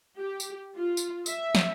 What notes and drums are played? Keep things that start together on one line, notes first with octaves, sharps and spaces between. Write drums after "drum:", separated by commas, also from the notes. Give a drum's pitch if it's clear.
G4
drum: tambourine
F4
drum: tambourine
E5, drum: tambourine
drum: snare